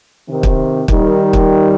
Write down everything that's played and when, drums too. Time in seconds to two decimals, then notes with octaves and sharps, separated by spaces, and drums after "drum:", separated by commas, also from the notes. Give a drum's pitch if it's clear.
0.28 C3 D#3
0.43 drum: kick
0.88 D#3 G3, drum: kick
1.33 drum: kick